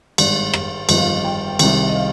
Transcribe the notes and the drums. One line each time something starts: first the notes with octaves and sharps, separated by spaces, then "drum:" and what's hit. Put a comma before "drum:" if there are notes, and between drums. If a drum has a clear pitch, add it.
G#1 G2 D#3 D5, drum: cymbal
drum: rim click
G1 F2 D#3 D#5, drum: cymbal
F5
D#5
G5
C2 C3 D#3, drum: cymbal
D#5
F5